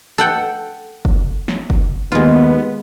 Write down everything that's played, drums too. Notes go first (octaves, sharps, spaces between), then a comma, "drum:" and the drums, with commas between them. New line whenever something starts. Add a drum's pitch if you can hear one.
A4 F#5 G5
drum: kick
drum: snare
drum: kick
D#2 G#3 B3 F4